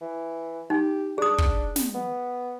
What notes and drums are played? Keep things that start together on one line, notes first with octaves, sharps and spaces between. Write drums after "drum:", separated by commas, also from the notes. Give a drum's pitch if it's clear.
E3
D#4 G4
D4 G#4 D#6
drum: kick
drum: snare
B3